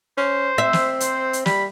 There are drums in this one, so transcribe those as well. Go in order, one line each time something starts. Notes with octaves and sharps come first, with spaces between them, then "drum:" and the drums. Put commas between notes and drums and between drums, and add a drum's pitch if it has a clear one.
C#4 C5
C4 E5
drum: snare
C5, drum: hi-hat
drum: hi-hat
G3 B5, drum: snare